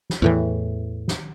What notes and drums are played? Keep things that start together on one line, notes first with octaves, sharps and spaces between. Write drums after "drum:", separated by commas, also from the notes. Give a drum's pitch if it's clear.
drum: snare
E2 A2 E3
drum: snare